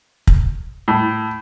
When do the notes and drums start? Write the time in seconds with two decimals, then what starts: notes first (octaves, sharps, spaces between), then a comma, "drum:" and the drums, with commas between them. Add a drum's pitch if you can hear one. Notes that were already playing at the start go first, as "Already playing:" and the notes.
0.27 drum: kick
0.88 A2